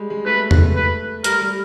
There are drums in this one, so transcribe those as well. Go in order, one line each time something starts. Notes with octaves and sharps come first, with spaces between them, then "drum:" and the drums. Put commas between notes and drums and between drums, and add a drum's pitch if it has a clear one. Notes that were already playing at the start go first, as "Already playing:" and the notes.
Already playing: G3 G#3
G#3
A3 B4
drum: tom E2
B4
G3 A#4, drum: hi-hat
G3